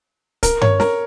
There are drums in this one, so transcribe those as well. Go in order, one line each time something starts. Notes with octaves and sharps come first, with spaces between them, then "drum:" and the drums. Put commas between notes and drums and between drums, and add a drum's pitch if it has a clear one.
A#4, drum: kick C#1, hi-hat
C#5, drum: tom G2
A#4, drum: snare